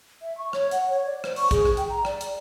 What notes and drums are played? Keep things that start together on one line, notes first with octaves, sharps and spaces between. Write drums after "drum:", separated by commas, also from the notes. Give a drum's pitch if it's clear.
E5
C#6
C#5, drum: rim click
F#5, drum: hi-hat
C#5
D5
C5, drum: rim click
C#6, drum: open hi-hat
G#4, drum: kick A#1, hi-hat
drum: rim click
G5, drum: hi-hat
A#5
D5, drum: rim click
drum: hi-hat